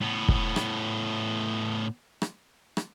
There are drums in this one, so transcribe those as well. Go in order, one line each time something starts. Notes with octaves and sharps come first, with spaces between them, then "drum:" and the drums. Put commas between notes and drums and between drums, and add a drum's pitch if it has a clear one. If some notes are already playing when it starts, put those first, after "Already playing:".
A2 B3
drum: kick
drum: rim click
drum: rim click
drum: rim click